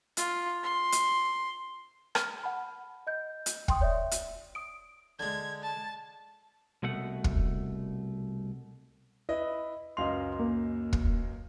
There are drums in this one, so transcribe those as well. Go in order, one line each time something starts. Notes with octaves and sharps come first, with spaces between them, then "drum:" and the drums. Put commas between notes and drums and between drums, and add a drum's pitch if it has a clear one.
F4, drum: hi-hat
C6
drum: hi-hat
F6, drum: rim click
F#5 A5 B5
D#5 G6
drum: hi-hat
G5 C6 D#6, drum: kick
C#5 D5 E5
drum: hi-hat
D#6 D7
D3 G#3 G#6
A5
C2 B2 A3 F#5
drum: kick
E4 B4 D#5
C#2 F#2 D#5 F5 C6 F7
A#3
drum: kick